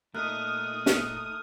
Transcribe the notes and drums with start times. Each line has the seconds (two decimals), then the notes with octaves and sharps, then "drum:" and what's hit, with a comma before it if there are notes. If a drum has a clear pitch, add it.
0.15 A#2 A3 A#3 D#4 D#6 F6 F#6
0.86 drum: snare